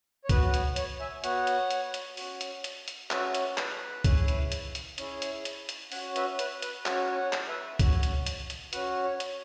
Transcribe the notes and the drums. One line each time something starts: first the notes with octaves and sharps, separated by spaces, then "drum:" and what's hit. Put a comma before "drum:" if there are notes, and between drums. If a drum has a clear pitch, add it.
C#5
B3 F#4 B4, drum: kick C#2, hi-hat
C#5, drum: hi-hat
C#5, drum: hi-hat
E5 G#5
B3 F#4 C#5 F#5, drum: hi-hat
drum: hi-hat
drum: hi-hat
drum: hi-hat
C#4 F#4, drum: open hi-hat
drum: hi-hat
drum: hi-hat
drum: hi-hat
C#4 F#4 B4 E5, drum: clap
drum: hi-hat
B4, drum: clap
C#4 E4 G#4, drum: kick C#2, hi-hat
drum: hi-hat
drum: hi-hat
drum: hi-hat
C#4 E4 G#4, drum: hi-hat
drum: hi-hat
drum: hi-hat
drum: hi-hat
C#4 F#4 C#5 F#5, drum: open hi-hat
B4 E5, drum: hi-hat
B4, drum: hi-hat
B4, drum: hi-hat
C#4 F#4 C#5, drum: clap
G#5
C#5 F#5
drum: clap
B4 E5
C#4 F#4 C#5, drum: kick C#2, hi-hat
drum: hi-hat
drum: hi-hat
drum: hi-hat
C#4 F#4 B4, drum: hi-hat
C#5
drum: hi-hat